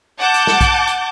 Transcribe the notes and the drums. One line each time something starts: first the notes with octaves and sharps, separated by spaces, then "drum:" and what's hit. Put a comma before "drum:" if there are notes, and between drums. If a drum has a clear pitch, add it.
F#5 A5 D6 G6
drum: hi-hat
drum: snare
drum: kick, hi-hat
drum: hi-hat